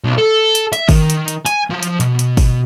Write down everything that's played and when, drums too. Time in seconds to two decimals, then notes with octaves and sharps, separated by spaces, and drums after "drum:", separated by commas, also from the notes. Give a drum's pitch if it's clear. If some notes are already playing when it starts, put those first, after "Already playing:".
0.05 B1
0.18 A4
0.55 drum: hi-hat
0.73 E5, drum: hi-hat
0.89 D#3, drum: kick, open hi-hat
1.10 drum: hi-hat
1.28 drum: hi-hat
1.46 G#5, drum: hi-hat
1.70 F3
1.83 drum: hi-hat
2.00 B2, drum: hi-hat
2.19 drum: hi-hat
2.37 drum: kick, open hi-hat